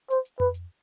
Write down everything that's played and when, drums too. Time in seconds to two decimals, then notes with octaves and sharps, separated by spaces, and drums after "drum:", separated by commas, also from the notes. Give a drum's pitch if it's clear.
0.10 C5, drum: hi-hat
0.25 drum: hi-hat
0.40 B4, drum: tom F2
0.54 drum: hi-hat